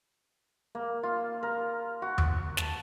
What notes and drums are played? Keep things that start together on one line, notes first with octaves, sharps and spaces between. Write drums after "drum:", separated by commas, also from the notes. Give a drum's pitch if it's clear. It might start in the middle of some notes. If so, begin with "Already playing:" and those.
A#3
F4
A#4
F#4
drum: tom D#2
A5, drum: snare